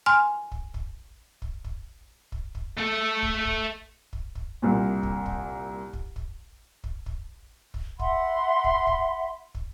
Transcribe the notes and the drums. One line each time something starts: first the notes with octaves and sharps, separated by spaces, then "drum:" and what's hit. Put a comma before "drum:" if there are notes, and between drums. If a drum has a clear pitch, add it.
G#5 C6 F6
drum: kick
drum: kick
drum: kick
drum: kick
drum: kick
drum: kick
A3 A4
drum: kick
drum: kick
drum: kick
drum: kick
C2 A#2
drum: kick
drum: kick
drum: kick
drum: kick
drum: kick
drum: kick
drum: kick
E5 F#5 B5 C6, drum: kick
drum: kick
drum: kick
drum: kick